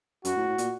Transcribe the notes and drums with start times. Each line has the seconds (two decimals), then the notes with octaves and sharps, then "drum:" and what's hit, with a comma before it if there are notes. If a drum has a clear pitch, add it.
0.25 F#2 F#4, drum: hi-hat
0.37 A2
0.48 A2
0.58 A#2, drum: hi-hat